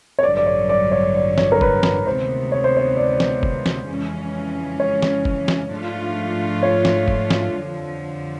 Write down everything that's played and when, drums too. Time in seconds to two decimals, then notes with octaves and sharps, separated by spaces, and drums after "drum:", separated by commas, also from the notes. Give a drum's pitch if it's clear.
0.19 C#5
0.23 A1 G2 D3 F#3 D5
0.37 D5
0.47 C#5
0.69 D5
0.92 C#5
1.15 D5
1.38 C#5, drum: snare
1.52 A#4
1.61 B4, drum: kick
1.83 B4, drum: snare
2.06 D2 C3 D#3 G#3 B3 C5
2.52 C#5
2.64 C5
2.77 C#5
2.97 D5
3.20 drum: snare
3.43 drum: kick
3.66 drum: snare
3.88 F2 C#3 E3 G#3 C#4
4.80 C#5
5.03 drum: snare
5.25 drum: kick
5.48 drum: snare
5.71 G#2 F3 A3 D4 F4
6.63 C#5
6.85 drum: snare
7.08 drum: kick
7.31 drum: snare
7.53 F2 D3 F3